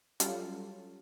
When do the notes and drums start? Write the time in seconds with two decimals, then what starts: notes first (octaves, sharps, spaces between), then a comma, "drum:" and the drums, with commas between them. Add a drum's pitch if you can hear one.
0.20 F#3 G3 C#4 F4 A4, drum: hi-hat